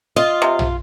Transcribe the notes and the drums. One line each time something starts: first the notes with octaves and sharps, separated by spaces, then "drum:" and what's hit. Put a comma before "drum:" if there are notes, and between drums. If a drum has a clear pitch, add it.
F4 D#5
C3
drum: tom